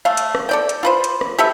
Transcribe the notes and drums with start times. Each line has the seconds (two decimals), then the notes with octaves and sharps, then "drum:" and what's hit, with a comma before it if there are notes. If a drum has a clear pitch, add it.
0.05 A3 F5
0.17 drum: hi-hat
0.35 drum: rim click
0.49 A4 D5 G5
0.69 drum: hi-hat
0.83 F4 B4 C5
1.04 drum: hi-hat
1.21 drum: rim click
1.38 G4 A4 B4 E5